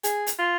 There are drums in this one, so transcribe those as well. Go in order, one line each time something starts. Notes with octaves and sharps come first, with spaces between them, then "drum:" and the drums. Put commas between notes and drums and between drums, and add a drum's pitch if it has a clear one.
G#4, drum: hi-hat
drum: hi-hat
F4